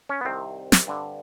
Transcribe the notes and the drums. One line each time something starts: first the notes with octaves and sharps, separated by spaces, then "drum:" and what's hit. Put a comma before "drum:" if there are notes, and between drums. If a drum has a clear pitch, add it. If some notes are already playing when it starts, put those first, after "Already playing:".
C#4
B3
C2 C3 D#3 C4
drum: snare
G2 D3